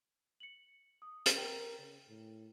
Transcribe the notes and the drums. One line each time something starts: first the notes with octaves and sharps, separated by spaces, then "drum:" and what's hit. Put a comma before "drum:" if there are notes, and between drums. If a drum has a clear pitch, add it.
C#7 F#7
D#6
drum: hi-hat
A4 A#4 G5
C#3
A2